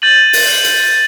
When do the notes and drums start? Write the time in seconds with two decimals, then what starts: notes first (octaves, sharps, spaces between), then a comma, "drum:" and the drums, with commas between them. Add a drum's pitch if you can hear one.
0.02 G6 A6 D#7 F#7
0.33 drum: open hi-hat
0.64 drum: hi-hat